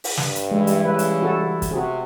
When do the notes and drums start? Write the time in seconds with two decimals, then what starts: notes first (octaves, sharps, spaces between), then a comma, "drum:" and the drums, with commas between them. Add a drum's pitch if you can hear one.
0.04 drum: open hi-hat
0.17 G2, drum: snare
0.35 drum: hi-hat
0.51 E3 G3 G#3 E4
0.67 drum: hi-hat
0.85 C#3 B4
0.99 drum: hi-hat
1.23 F#4 A4
1.62 drum: kick, hi-hat
1.71 C3 F#4 G#4